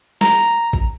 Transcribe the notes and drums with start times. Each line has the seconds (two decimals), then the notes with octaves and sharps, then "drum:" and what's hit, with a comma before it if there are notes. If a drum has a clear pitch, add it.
0.21 A#5, drum: snare
0.73 drum: kick A1